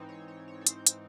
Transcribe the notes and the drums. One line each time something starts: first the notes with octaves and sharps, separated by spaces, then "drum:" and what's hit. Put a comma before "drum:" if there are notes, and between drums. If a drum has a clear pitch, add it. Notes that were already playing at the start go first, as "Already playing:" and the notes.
Already playing: G#2 E3 C4 D#4
C#5
C#5
C#5
A4
C5, drum: hi-hat
drum: hi-hat